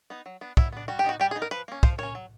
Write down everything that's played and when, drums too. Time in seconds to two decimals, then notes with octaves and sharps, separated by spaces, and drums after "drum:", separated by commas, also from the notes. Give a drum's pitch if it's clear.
0.10 B3 D#4
0.26 F#3
0.41 B3 D4
0.57 F#3 E4, drum: kick
0.72 B3 D4
0.88 G3 F#4
0.99 G4
1.04 B3 D#4 F#4
1.20 G3 G4
1.31 G#4
1.35 B3 D#4
1.42 A#4
1.51 F3 B4
1.68 A#3 C#4
1.83 F3 C5, drum: kick
1.98 A#3 C#4 C#5
2.15 F#3